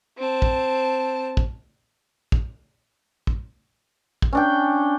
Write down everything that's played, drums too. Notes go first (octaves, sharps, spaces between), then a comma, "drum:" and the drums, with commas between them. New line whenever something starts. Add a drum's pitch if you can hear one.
C4 A5
drum: kick
drum: kick
drum: kick
drum: kick
drum: kick
C#4 D4 G5